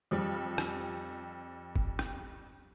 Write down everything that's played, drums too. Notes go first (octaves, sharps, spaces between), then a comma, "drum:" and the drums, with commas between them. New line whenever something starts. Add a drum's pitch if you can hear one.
F2 F3 G3
drum: rim click
drum: kick
drum: rim click